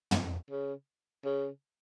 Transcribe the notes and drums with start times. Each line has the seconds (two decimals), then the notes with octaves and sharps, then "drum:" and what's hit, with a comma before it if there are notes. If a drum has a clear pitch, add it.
0.11 drum: tom
0.50 C#3
1.25 C#3